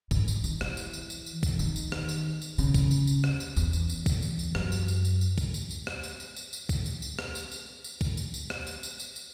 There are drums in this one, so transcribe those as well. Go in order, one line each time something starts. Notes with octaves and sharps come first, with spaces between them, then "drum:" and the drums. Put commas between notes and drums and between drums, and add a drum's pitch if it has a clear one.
G#2, drum: kick, tambourine
drum: tambourine
D#3, drum: tambourine
E3, drum: rim click
drum: tambourine
drum: tambourine
drum: tambourine
drum: tambourine
drum: kick, tambourine
D#3, drum: tambourine
drum: tambourine
drum: rim click
drum: tambourine
drum: tambourine
C#3, drum: tambourine
drum: kick, tambourine
drum: tambourine
drum: tambourine
drum: rim click
drum: tambourine
E2, drum: tambourine
drum: tambourine
drum: tambourine
drum: kick, tambourine
drum: tambourine
drum: tambourine
F#2, drum: rim click
drum: tambourine
drum: tambourine
drum: tambourine
drum: tambourine
drum: kick, tambourine
drum: tambourine
drum: tambourine
drum: rim click
drum: tambourine
drum: tambourine
drum: tambourine
drum: tambourine
drum: kick, tambourine
drum: tambourine
drum: tambourine
drum: rim click
drum: tambourine
drum: tambourine
drum: tambourine
drum: kick, tambourine
drum: tambourine
drum: tambourine
drum: rim click
drum: tambourine
drum: tambourine
drum: tambourine
drum: tambourine